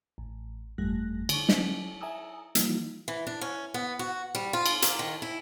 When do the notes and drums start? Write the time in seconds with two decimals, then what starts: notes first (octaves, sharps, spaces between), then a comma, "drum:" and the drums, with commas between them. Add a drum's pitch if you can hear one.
0.18 A1
0.78 G1 F2 G3 A3 F#6 A#6
1.29 D3 C#6, drum: cymbal
1.49 F#3 C#4 B6, drum: snare
2.01 E5 G#5 A#5 D#6 E6
2.55 E3 F3 G3 A#3 D#4 F4, drum: hi-hat
3.08 E3
3.27 D4
3.41 C#4
3.74 B3
3.99 F#4
4.35 G3
4.53 F4
4.66 drum: cymbal
4.82 A#3, drum: hi-hat
4.99 D#3
5.22 E4